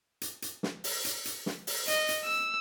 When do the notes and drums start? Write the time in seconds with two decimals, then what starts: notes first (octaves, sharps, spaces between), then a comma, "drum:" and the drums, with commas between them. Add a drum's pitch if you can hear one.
0.21 drum: hi-hat
0.42 drum: hi-hat
0.63 drum: snare
0.84 drum: open hi-hat
1.05 drum: hi-hat
1.25 drum: hi-hat
1.46 drum: snare
1.67 drum: open hi-hat
1.88 D#5, drum: hi-hat
2.09 drum: hi-hat
2.25 E6